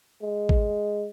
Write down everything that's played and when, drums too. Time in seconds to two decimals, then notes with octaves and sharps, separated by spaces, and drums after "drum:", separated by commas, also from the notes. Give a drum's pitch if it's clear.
0.22 G#3
0.49 drum: kick G#1